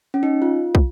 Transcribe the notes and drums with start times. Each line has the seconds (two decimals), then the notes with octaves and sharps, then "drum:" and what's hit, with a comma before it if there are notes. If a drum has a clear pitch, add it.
0.14 C#4
0.23 D#4
0.42 F4
0.75 drum: kick